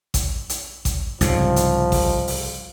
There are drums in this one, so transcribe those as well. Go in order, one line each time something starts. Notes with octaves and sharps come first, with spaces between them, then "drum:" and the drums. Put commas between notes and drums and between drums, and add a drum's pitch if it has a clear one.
drum: kick A1, hi-hat
drum: hi-hat
drum: kick A1, hi-hat
C2 G#2 C#3 F3, drum: hi-hat
drum: hi-hat
drum: kick A1, open hi-hat
drum: open hi-hat